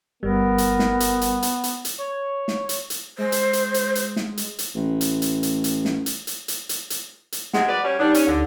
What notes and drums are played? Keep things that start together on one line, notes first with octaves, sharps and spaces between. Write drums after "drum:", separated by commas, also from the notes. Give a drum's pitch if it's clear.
G1 G3 B3 A#4
drum: hi-hat
drum: snare
drum: hi-hat
drum: hi-hat
drum: hi-hat
drum: hi-hat
drum: hi-hat
C#5
drum: snare
drum: hi-hat
drum: hi-hat
G#3 C5
drum: hi-hat
drum: hi-hat
drum: hi-hat
drum: hi-hat
drum: snare
drum: hi-hat
drum: hi-hat
A1
drum: hi-hat
drum: hi-hat
drum: hi-hat
drum: hi-hat
drum: snare
drum: hi-hat
drum: hi-hat
drum: hi-hat
drum: hi-hat
drum: hi-hat
drum: hi-hat
C3 G#3 F#5, drum: snare
F#3 B4 D5
G3 C#4
G3 B3 D4 D#4 G4
C#4, drum: hi-hat
D2 D3